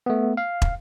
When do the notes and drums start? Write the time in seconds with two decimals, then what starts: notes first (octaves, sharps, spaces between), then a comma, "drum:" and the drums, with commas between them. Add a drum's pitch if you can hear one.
0.06 A3 B3
0.37 F5
0.62 drum: kick